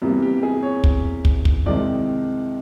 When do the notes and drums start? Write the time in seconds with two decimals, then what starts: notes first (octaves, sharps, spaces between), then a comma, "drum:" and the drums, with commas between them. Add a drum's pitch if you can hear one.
0.02 E2 C3 E3 G3 A#3 G4
0.22 G4
0.43 G#4
0.63 C#5
0.84 drum: kick
1.25 drum: kick
1.45 drum: kick
1.66 C2 C3 D#3 G#3 D5